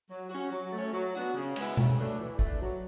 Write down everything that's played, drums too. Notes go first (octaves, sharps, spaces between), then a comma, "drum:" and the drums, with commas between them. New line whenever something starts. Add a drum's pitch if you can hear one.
F#3
C#4 F#4
F#3
A3 C#4
F#3
B3 D4 F#4
C#3
G#3 B3 E4, drum: cymbal
C#3, drum: tom B2
F#3 A3 D4
E3
A3 D4, drum: kick
F#3